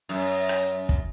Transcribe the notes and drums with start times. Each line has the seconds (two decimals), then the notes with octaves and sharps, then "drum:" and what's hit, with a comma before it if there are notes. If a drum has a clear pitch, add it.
0.09 F#2
0.49 drum: rim click
0.89 drum: kick